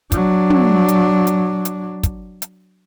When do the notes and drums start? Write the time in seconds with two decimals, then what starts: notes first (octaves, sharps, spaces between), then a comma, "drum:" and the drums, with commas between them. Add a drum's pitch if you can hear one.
0.12 F#3 D4, drum: kick, hi-hat
0.50 drum: tom
0.88 drum: hi-hat
1.27 drum: hi-hat
1.65 drum: hi-hat
2.03 drum: kick, hi-hat
2.42 drum: hi-hat